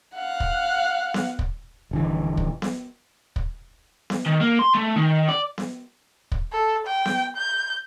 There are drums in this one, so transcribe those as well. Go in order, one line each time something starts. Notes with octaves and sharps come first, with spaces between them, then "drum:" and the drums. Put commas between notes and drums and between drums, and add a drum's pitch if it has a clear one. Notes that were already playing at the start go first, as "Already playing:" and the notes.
F5 F#5
drum: kick
drum: snare B3
drum: kick
D#1 D3 E3
drum: kick
drum: snare B3
drum: kick
drum: snare B3
D#3
A#3
C6
A3
D#3
D5
drum: snare B3
drum: kick
A4
G5
drum: snare B3
G6